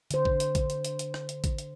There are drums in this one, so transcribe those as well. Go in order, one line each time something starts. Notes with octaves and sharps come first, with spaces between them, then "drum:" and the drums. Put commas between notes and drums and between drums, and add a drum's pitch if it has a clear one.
D3 C5, drum: hi-hat
drum: kick A1
drum: hi-hat
drum: kick A1, hi-hat
drum: hi-hat
drum: hi-hat
drum: hi-hat
drum: rim click
drum: hi-hat
drum: kick A1, hi-hat
drum: hi-hat